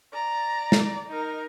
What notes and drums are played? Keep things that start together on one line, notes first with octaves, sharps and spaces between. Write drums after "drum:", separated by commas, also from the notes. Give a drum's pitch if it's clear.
D5 A#5
drum: snare
D#4 A#4